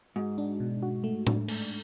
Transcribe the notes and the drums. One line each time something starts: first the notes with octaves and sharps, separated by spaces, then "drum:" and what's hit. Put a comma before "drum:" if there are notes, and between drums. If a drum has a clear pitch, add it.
G#2 F#4
D4
B2
F#4
A3
D4, drum: tom A2
A3, drum: cymbal